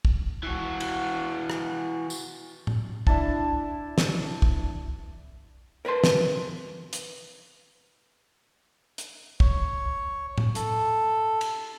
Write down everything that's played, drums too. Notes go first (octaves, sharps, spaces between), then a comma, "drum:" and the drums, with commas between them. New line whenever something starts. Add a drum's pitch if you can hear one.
drum: kick
E3 F#4
drum: cymbal
drum: rim click
drum: tambourine
drum: tom A2
D4 E4 A5, drum: kick
drum: snare
drum: kick
A#4 B4 A5 C6
drum: snare
drum: hi-hat
drum: hi-hat
C#5, drum: kick
drum: tom A2
A4, drum: hi-hat
drum: cymbal